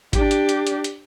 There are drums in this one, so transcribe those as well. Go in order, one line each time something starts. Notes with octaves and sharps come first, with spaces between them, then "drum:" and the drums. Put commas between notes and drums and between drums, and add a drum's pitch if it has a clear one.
D4 G4, drum: kick G#1, hi-hat
drum: hi-hat
drum: hi-hat
drum: hi-hat
drum: hi-hat